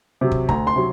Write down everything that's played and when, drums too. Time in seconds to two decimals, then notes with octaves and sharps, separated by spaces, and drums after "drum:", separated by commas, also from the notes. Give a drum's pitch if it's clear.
0.21 C3 F#3
0.32 drum: kick
0.49 D2 A#5, drum: kick
0.67 C6
0.76 C3 F#3